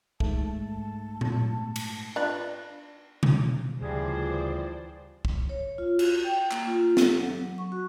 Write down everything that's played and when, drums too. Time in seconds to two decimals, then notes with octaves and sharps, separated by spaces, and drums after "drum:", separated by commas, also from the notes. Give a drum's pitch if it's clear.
0.20 G#2 A3 A5, drum: kick
1.21 drum: tom A#2
1.76 drum: cymbal
2.16 D4 F4 B4
3.23 drum: tom B2
3.81 D2 C#3 E3 F3 G3 G#4 C5 D5
5.25 drum: kick
5.49 C#5
5.78 F4
5.99 F#4, drum: cymbal
6.24 G5
6.51 A#3, drum: clap
6.67 F4
6.97 A4, drum: snare
7.20 F#3
7.58 C#6
7.72 F#4